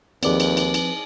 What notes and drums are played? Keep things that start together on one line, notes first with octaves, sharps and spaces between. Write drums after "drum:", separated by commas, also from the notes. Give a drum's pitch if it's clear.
D#2 F3 C4 G#4 B4 D5 D6, drum: cymbal
drum: cymbal
drum: cymbal
drum: cymbal